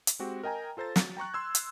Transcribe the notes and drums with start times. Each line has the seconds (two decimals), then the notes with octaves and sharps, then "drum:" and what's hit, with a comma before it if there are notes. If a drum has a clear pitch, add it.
0.07 drum: hi-hat
0.19 G#3 C4 F#4 G4
0.43 A#4 D#5 G5 G#5 A#5
0.77 F4 A4 C5 A#5 A6
0.96 F#3, drum: snare
1.17 G5 A#5 C#6 F#6
1.34 C6 E6 G#6
1.55 drum: hi-hat